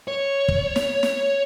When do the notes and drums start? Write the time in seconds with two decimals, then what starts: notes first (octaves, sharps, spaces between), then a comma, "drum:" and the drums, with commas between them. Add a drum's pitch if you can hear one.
0.08 C#5
0.48 drum: kick
0.76 drum: snare
1.03 drum: snare